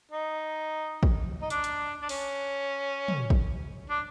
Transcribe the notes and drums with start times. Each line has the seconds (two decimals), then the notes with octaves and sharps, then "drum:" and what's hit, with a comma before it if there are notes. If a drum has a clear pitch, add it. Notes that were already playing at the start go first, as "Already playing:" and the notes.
0.11 D#4
1.03 drum: kick
1.41 D#4
1.50 D4, drum: hi-hat
1.64 drum: hi-hat
2.02 D4
2.09 C#4, drum: open hi-hat
3.08 drum: tom
3.30 drum: kick
3.89 D4